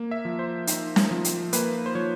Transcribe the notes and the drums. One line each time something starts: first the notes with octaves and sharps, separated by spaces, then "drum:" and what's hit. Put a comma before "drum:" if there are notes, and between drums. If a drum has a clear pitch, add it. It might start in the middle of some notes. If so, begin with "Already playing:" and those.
Already playing: A#3
E5
F3
C5
D#4, drum: hi-hat
drum: snare
F3
drum: hi-hat
A#3 B4, drum: hi-hat
C5
F3 C#5